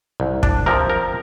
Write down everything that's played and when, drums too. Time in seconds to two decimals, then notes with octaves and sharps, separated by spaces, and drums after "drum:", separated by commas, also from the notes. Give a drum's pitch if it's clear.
0.20 C2
0.43 D4, drum: kick
0.66 C3 F3 A#4
0.90 A#4